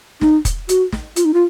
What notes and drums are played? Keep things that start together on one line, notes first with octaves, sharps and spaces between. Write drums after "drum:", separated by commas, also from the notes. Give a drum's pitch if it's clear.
D#4, drum: snare
drum: kick, hi-hat
F#4, drum: hi-hat
drum: snare
F4, drum: hi-hat
D#4
F4